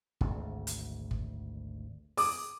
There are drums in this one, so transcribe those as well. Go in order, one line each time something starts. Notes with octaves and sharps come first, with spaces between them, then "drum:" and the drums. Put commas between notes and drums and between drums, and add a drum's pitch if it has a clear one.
G#1 D2, drum: kick
drum: hi-hat
drum: kick
D6 D#6, drum: open hi-hat